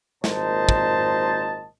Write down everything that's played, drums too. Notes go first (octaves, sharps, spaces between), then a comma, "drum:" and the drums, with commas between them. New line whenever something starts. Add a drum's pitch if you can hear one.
G#1 A#2 A#4 C5 D#5 A5, drum: snare
drum: kick